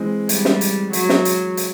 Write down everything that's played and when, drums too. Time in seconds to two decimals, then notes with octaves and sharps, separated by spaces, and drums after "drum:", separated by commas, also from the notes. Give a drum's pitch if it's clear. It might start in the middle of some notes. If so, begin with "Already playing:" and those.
Already playing: E3 G#3 C4
0.29 G3, drum: hi-hat
0.45 drum: snare
0.61 drum: hi-hat
0.93 F#3, drum: hi-hat
1.09 drum: snare
1.25 drum: hi-hat
1.57 drum: hi-hat